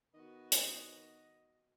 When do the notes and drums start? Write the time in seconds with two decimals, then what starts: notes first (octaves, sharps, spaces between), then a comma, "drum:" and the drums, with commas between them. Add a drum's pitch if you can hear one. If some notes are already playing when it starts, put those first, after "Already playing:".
0.14 D#3 B3 F#4 D#5
0.52 drum: hi-hat